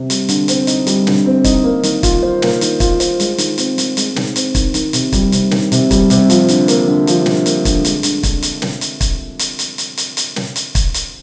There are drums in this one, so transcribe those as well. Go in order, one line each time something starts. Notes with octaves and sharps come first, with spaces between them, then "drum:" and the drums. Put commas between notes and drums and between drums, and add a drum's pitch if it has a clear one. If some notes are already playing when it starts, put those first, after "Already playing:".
Already playing: C3
G3, drum: hi-hat
D3, drum: hi-hat
C4, drum: hi-hat
D#4, drum: hi-hat
G3, drum: hi-hat
D3, drum: snare
C4
D#4, drum: kick, hi-hat
A#3
D#3, drum: hi-hat
F4, drum: kick, hi-hat
C5
A#3, drum: snare
D#3, drum: hi-hat
F4, drum: kick, hi-hat
C5, drum: hi-hat
G#3, drum: hi-hat
D#3, drum: hi-hat
C4, drum: hi-hat
D#3, drum: hi-hat
G#3, drum: hi-hat
D#3, drum: snare
C4, drum: hi-hat
D#3, drum: kick, hi-hat
D#3, drum: hi-hat
C3, drum: hi-hat
G3, drum: kick, hi-hat
C3, drum: hi-hat
D#3, drum: snare
C3, drum: hi-hat
G3, drum: kick, hi-hat
C3, drum: hi-hat
F3, drum: hi-hat
D3, drum: hi-hat
A#3, drum: hi-hat
D3
F3, drum: hi-hat
D3, drum: snare
A#3, drum: hi-hat
D3, drum: kick, hi-hat
G#3, drum: hi-hat
D3, drum: hi-hat
D4, drum: kick, hi-hat
drum: hi-hat
drum: snare
drum: hi-hat
drum: kick, hi-hat
drum: hi-hat
drum: hi-hat
drum: hi-hat
drum: hi-hat
drum: hi-hat
drum: snare
drum: hi-hat
drum: kick, hi-hat
drum: hi-hat